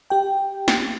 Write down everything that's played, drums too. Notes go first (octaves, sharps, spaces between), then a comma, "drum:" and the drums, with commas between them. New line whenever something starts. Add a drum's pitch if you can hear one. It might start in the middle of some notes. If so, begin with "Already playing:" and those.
G4 G5
drum: snare